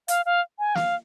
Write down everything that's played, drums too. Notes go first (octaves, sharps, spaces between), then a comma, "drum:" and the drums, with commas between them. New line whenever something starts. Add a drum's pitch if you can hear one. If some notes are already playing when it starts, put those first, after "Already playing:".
F5, drum: hi-hat
F5
G#5
F5, drum: snare